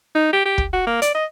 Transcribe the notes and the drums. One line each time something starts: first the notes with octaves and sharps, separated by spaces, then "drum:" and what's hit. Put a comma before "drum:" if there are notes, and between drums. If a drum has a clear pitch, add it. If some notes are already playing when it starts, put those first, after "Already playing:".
D#4
G4
G4
drum: kick
F#4
A#3
D5, drum: hi-hat
D#5